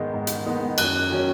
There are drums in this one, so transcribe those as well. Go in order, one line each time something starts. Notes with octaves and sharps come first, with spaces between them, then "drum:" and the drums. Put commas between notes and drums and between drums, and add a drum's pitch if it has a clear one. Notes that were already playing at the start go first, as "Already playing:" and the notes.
Already playing: G#2 D#3 G#3 B3 D#4
G#2
drum: hi-hat
D#3 G#3 B3 D#4
F#2 F#6, drum: cymbal
D#3 F#3 C#4